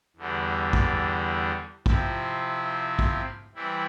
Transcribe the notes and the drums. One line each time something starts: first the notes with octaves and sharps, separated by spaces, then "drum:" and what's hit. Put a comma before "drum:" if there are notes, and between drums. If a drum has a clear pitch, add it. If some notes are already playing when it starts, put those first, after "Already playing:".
E2 D3 G3
drum: kick
C3 F3 C4 E4, drum: kick
drum: kick
E3 G3 C4 E4